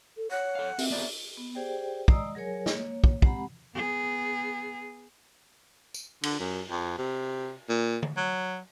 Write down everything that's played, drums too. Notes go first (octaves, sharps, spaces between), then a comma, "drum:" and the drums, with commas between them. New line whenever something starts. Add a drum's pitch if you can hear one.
A4
C#5 F#5
A4 F5
C4 E5, drum: open hi-hat
B3 C4 A4 D5
B3
G4 G#4 C5 D5 G5
G#3 D5 D#5 A#5 D#6 E6, drum: kick
F#3 G#4 A#4 C#5 G#5
A#3 C#5, drum: snare
drum: kick
G#3 C4 G4 F#5 A#5 B5, drum: kick
B3 G#4
drum: tambourine
D3, drum: cymbal
F#2
F2
C3
A#2
drum: tom D3
F#3